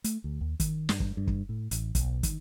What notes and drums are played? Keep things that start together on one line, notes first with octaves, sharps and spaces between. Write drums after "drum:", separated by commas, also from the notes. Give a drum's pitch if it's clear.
A3, drum: hi-hat
D2
D#2
D#3, drum: kick, hi-hat
G2, drum: snare
drum: kick
G2
drum: kick
A2
A1, drum: hi-hat
B1, drum: kick, hi-hat
D#3, drum: kick, hi-hat